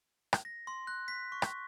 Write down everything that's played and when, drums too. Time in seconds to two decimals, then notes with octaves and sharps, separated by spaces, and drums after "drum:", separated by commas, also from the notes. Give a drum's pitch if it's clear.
0.33 drum: rim click
0.45 A#6
0.67 C6
0.87 F#6
1.08 B6
1.32 C#6
1.42 drum: rim click